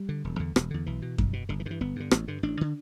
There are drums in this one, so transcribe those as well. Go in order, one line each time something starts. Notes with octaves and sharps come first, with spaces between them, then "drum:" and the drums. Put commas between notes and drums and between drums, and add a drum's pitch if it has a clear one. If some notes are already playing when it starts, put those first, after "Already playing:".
Already playing: G3
D3
E1
E2 D3
E1, drum: rim click
E2 D3
B1 E3
B2
B1, drum: kick F#2
B2
G1 D3
E3
G2 D3
E3
G1 B3
G2 D3
A1, drum: rim click
G2 D3
A1 D4
D3